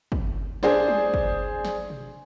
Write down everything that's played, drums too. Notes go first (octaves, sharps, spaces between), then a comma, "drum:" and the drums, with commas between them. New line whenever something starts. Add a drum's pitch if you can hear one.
drum: kick
D4 G#4 C5 D5, drum: snare
drum: tom G3
drum: kick
drum: snare
drum: tom B2